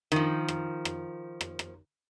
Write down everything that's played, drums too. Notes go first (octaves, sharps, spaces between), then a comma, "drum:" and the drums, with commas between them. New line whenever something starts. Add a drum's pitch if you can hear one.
D#3 F3, drum: rim click
drum: rim click
drum: rim click
drum: rim click
drum: rim click